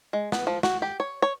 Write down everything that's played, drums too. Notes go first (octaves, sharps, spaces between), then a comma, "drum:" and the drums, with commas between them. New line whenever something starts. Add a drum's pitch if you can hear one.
G#3
B3, drum: snare
F3
F#4, drum: snare
G4
C#5
C#5